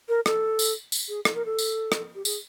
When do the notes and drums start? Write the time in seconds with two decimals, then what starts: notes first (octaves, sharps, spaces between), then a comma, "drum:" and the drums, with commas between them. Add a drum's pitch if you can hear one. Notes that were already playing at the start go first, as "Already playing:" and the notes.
0.09 A#4
0.26 A4, drum: rim click
0.59 drum: tambourine
0.92 drum: tambourine
1.09 G#4
1.25 A4, drum: rim click
1.35 A#4
1.46 A4
1.58 drum: tambourine
1.92 drum: rim click
2.15 G4
2.25 G#4, drum: tambourine